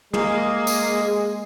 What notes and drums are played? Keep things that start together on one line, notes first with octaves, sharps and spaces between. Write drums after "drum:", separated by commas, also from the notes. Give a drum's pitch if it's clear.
G#3 A#3 G#4, drum: tom
drum: tambourine